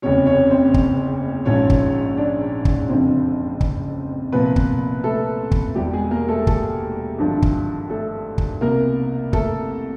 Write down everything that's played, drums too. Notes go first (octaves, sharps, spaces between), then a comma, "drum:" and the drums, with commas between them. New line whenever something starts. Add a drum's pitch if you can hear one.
F#1 E2 C3 C#4 C#5
C#4 C#5
C4 C5
drum: kick
A#1 G#2 F3 C#4 C#5
drum: kick
D4 D5
drum: kick
F#1 F2 D3 F3 C4 C5
drum: kick
C2 A#2 F3 B3 B4
drum: kick
A3 A4
drum: kick
E1 E2 B2 G3 G4
G#3 G#4
A#3 A#4
A3 A4
A3 A4, drum: kick
G#1 G2 D3 F3
drum: kick
A3 A4
drum: kick
C2 B2 A#3 A#4
A3 A4, drum: kick